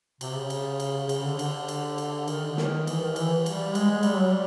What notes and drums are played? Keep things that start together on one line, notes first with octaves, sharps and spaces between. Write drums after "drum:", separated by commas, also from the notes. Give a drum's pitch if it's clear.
C3, drum: cymbal
C#3
drum: cymbal
drum: cymbal
C#3, drum: cymbal
D3
D3, drum: cymbal
drum: cymbal
drum: cymbal
D#3, drum: cymbal
D3
D#3, drum: snare
E3, drum: cymbal
D#3
E3, drum: cymbal
G3, drum: cymbal
G#3, drum: cymbal
G#3
G3, drum: cymbal
F#3
G3